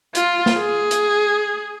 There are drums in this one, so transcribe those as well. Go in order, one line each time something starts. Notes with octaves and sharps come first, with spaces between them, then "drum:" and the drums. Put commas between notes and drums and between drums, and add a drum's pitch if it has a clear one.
F4, drum: hi-hat
drum: snare
G#4
drum: hi-hat